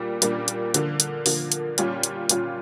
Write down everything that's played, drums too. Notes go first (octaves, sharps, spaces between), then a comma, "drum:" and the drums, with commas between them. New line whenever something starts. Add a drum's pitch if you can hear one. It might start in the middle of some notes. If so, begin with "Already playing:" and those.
Already playing: A#2 G3 A#3 D4
A#2 G3 A#3 D4, drum: hi-hat
drum: hi-hat
D3 F3 A#3, drum: hi-hat
drum: hi-hat
D3 F3 A#3, drum: open hi-hat
drum: hi-hat
A#2 G3 C#4 F4, drum: hi-hat
drum: hi-hat
A#2 G3 C#4 F4, drum: hi-hat